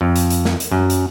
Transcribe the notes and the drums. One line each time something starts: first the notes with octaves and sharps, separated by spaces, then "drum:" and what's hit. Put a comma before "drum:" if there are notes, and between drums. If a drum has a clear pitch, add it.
F2
drum: hi-hat
drum: hi-hat
drum: snare
drum: hi-hat
F#2
drum: hi-hat